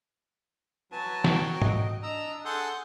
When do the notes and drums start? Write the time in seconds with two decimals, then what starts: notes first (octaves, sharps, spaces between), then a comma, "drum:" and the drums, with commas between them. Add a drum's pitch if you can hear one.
0.92 F#3 B4 G#5 A5
1.24 F#4 G5, drum: snare
1.62 D#5, drum: tom G#2
2.03 D4 D#5 A#5 E6
2.45 G#4 A4 F#5 C6 G6